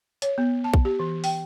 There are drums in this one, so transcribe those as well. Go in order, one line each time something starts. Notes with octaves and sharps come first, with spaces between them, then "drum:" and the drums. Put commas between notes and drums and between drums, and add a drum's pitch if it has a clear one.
C#5, drum: hi-hat
B3
A5
drum: kick A#1
G4
E3
G5, drum: open hi-hat